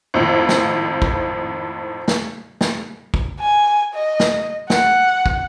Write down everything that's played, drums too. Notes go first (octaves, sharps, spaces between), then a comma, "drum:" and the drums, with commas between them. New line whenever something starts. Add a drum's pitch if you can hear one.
G#1 F2 A2
drum: snare
drum: kick
drum: snare
drum: snare
drum: kick
G#5
D#5
drum: snare
F#5, drum: snare
drum: kick